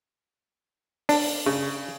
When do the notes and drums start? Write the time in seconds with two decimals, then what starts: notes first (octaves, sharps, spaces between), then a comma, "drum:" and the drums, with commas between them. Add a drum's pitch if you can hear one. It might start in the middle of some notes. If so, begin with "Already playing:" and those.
1.09 D4, drum: open hi-hat
1.46 C#3